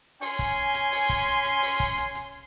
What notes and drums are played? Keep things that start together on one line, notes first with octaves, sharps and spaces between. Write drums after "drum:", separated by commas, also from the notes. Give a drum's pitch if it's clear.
C#4 G#5 C6, drum: open hi-hat
drum: kick, hi-hat
drum: hi-hat
drum: open hi-hat
drum: kick, hi-hat
drum: hi-hat
drum: hi-hat
drum: open hi-hat
drum: kick, hi-hat
drum: hi-hat
drum: hi-hat